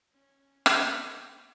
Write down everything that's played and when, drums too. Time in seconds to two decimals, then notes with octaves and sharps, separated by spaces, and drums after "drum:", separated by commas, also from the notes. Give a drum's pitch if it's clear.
0.12 C#4
0.66 drum: rim click